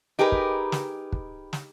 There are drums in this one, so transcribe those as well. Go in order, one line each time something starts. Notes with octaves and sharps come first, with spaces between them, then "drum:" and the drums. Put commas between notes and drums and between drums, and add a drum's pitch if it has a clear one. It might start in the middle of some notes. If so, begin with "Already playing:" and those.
D#4 G4 G#4 A#4 B4
drum: kick
drum: snare
drum: kick
drum: snare